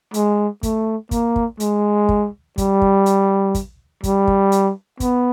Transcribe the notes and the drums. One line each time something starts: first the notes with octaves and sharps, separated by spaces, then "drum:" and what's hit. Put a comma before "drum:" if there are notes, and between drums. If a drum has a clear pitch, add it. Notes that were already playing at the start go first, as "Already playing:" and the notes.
G#3, drum: hi-hat
A3, drum: kick, hi-hat
A#3, drum: kick, hi-hat
drum: kick
G#3, drum: hi-hat
drum: kick
G3, drum: kick, hi-hat
drum: kick
drum: hi-hat
drum: kick, hi-hat
G3, drum: kick, hi-hat
drum: kick
drum: hi-hat
B3, drum: kick, hi-hat